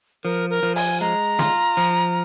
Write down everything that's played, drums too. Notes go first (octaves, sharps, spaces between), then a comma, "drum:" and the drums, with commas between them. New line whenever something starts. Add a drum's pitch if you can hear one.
F3 A#4
A#4
F3
G#5, drum: open hi-hat
G#3 A#5
F4, drum: snare
F3